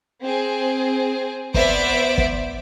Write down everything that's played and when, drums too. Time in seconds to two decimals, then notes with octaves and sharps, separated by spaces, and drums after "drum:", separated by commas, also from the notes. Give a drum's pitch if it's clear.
0.23 C4 G#4
1.54 B3 C5 D5 E5 D7, drum: kick
2.18 drum: kick